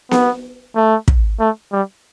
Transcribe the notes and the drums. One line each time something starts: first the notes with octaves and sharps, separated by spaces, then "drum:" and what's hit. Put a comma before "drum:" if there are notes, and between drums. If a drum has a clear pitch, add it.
B3, drum: snare B3
A3
drum: kick
A3
G3